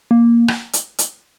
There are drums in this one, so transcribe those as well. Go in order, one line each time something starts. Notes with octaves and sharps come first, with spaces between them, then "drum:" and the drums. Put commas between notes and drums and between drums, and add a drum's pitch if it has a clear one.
A#3
drum: rim click
drum: hi-hat
drum: hi-hat